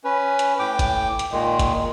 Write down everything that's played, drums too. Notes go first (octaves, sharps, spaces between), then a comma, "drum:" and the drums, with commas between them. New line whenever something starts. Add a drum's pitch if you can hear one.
C#4 B4
drum: hi-hat
A2 G5 D6
drum: kick G#1, hi-hat
drum: hi-hat
A#2 D#3 G#3
drum: kick G#1, hi-hat